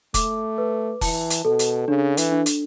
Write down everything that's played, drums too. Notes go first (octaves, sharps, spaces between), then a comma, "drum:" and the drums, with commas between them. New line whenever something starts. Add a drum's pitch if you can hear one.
A3 D6, drum: kick, hi-hat
B4
E3 A5, drum: kick, open hi-hat
drum: hi-hat
B2 A4
drum: hi-hat
C#3 D4
E3, drum: hi-hat
D4
drum: hi-hat